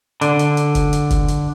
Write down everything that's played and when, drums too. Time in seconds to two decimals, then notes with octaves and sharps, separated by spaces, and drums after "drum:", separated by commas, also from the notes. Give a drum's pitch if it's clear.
0.21 D3, drum: hi-hat
0.39 drum: hi-hat
0.57 drum: hi-hat
0.75 drum: kick F#1, hi-hat
0.93 drum: hi-hat
1.10 drum: kick F#1, hi-hat
1.28 drum: hi-hat